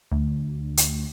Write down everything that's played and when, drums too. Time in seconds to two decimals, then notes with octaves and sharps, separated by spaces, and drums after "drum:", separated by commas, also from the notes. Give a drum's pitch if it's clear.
0.11 D2
0.77 drum: hi-hat